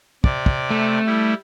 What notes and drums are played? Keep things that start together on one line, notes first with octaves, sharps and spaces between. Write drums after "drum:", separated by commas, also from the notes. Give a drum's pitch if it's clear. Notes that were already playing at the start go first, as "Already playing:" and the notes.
C3 D5, drum: kick
drum: kick
A3
G3 E4